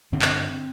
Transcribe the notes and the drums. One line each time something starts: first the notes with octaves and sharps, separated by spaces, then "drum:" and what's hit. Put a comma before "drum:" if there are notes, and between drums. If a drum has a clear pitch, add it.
G2 D3 C4
drum: clap